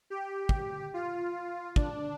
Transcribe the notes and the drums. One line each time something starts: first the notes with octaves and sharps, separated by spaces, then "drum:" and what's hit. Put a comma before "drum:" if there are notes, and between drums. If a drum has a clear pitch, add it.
G4
drum: kick
F4
D4, drum: kick